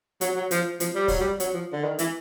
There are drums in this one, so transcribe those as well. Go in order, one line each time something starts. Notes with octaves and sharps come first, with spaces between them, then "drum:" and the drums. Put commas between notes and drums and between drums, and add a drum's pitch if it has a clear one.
F#3, drum: hi-hat
F#3
F3, drum: hi-hat
F3, drum: hi-hat
G3
F#3, drum: kick, open hi-hat
G3
F#3, drum: hi-hat
F3
D3
D#3
E3, drum: hi-hat